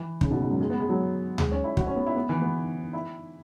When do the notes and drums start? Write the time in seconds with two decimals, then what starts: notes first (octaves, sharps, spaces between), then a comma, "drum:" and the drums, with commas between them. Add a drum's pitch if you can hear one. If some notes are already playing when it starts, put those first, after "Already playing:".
Already playing: E3
0.21 C#3, drum: kick
0.31 B2
0.40 G#2
0.51 F#2
0.61 G#3
0.70 B3
0.80 G#3
0.89 F#3
1.38 G#3, drum: tom D2
1.51 C#4
1.64 E4
1.77 F#4, drum: kick
1.87 C#4
1.96 B3
2.07 E4
2.16 B3
2.29 E3
2.41 B3
2.93 E4